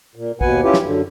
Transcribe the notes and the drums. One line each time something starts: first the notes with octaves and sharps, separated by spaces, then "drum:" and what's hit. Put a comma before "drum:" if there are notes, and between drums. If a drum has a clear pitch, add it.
A#2
D#2 B2 B4 F#5 G#5, drum: kick
C#4 E4 F4 G4 B4
drum: snare
F#2 D3